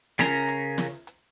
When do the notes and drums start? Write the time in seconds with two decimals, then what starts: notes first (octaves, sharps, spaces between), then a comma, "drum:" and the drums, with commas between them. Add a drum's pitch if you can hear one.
0.19 C#3 C#4 A#4 A#5, drum: snare
0.48 drum: hi-hat
0.78 drum: snare
1.07 drum: hi-hat